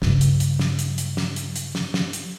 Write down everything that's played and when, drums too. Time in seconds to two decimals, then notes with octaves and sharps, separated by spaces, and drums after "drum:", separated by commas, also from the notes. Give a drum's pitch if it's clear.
0.02 G2 C#3, drum: snare
0.21 drum: hi-hat
0.40 drum: hi-hat
0.59 drum: snare
0.79 drum: hi-hat
0.98 drum: hi-hat
1.17 drum: snare
1.36 drum: hi-hat
1.56 drum: hi-hat
1.75 drum: snare
1.94 drum: snare
2.13 drum: hi-hat